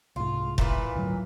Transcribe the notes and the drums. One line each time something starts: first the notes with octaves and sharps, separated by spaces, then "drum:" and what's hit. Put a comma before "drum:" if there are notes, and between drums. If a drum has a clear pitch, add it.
C2 G#2 F4
A#2 E3 B4, drum: kick F1
D2 G#2 F#3